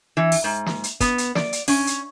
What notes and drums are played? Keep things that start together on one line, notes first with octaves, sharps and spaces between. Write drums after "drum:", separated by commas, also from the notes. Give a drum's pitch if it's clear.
E3
drum: open hi-hat
G#2
drum: snare
drum: hi-hat
B3, drum: kick, hi-hat
drum: hi-hat
D5, drum: snare
drum: hi-hat
C#4, drum: open hi-hat
drum: hi-hat